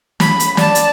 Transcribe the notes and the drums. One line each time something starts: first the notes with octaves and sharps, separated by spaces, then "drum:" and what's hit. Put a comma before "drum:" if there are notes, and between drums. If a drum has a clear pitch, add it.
B5, drum: snare
drum: hi-hat
D5 A5, drum: snare
drum: hi-hat